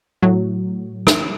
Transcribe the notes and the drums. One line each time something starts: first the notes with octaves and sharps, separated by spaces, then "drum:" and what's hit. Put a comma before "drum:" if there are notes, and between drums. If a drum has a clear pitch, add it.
A2 F#3
drum: rim click